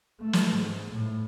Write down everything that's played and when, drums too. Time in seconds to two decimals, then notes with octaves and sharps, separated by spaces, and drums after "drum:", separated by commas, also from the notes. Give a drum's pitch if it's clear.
0.20 A3
0.33 drum: snare
0.54 G#2
0.91 A2